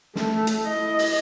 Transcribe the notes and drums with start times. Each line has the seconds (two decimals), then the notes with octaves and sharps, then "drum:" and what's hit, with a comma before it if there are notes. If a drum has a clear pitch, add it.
0.16 A3, drum: snare
0.47 drum: hi-hat
0.64 E4 D#5
0.99 drum: open hi-hat